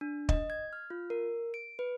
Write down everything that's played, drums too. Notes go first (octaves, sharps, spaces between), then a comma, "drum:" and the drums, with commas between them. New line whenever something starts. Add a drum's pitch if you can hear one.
D4
D#5, drum: kick
G#6
F6
F4
A#4
D7
B4